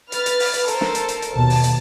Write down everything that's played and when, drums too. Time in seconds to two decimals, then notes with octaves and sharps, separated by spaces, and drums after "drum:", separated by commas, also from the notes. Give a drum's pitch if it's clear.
0.12 B4 F6 A6, drum: hi-hat
0.26 drum: hi-hat
0.40 drum: open hi-hat
0.53 drum: hi-hat
0.68 A4 A#4 C5, drum: hi-hat
0.81 drum: snare
0.95 drum: hi-hat
1.08 drum: hi-hat
1.22 drum: hi-hat
1.33 D#2 B2 A5
1.50 drum: open hi-hat
1.64 drum: hi-hat